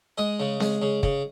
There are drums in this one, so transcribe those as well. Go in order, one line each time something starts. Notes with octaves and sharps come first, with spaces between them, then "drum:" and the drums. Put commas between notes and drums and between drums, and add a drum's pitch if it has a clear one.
G#3 D#5
C#3
G#3, drum: snare C4
C#3
C#3, drum: kick